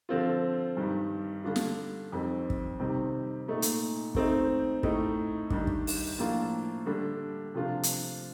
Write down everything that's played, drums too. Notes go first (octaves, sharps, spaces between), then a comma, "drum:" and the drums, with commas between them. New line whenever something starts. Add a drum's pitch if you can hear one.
D3 F3 C4 F4
G2 D#3 G3
D3 G3 D4 F4
drum: snare
F2 D#3 G3 C4
drum: kick
C3 D#3 G3 C4
A#2 A3 D#4
drum: hi-hat
D#3 A3 C4 D#4, drum: kick
A2 A3 D#4, drum: kick
D#3 G3 D4, drum: kick
drum: kick
drum: open hi-hat
A2 F3 A#3 D4 F4
D3 G3 D4
C3 F3 A3 D4 F4
drum: hi-hat